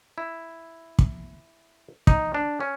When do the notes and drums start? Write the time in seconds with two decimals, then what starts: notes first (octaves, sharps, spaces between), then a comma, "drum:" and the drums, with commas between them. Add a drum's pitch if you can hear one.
0.18 E4
0.99 drum: kick
2.07 D#4, drum: kick
2.34 D4
2.60 C#4